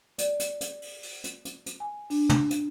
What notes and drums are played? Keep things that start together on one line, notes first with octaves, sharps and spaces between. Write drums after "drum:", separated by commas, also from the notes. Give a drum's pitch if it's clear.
D5, drum: hi-hat
drum: hi-hat
drum: hi-hat
drum: open hi-hat
drum: open hi-hat
drum: hi-hat
drum: hi-hat
drum: hi-hat
G#5
D4, drum: open hi-hat
drum: tom
drum: hi-hat